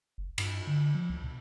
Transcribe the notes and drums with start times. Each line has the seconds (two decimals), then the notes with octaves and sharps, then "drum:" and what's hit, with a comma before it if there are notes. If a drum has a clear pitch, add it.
0.18 F#1
0.38 G2, drum: cymbal
0.67 D3
0.95 F3
1.10 C#2
1.24 B2